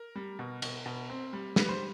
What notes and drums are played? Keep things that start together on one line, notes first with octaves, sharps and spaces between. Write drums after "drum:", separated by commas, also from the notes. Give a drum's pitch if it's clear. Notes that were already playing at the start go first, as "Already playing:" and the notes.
Already playing: A#4
G3
B2
B2, drum: cymbal
B2
C4
G3
G3 B4, drum: snare
C5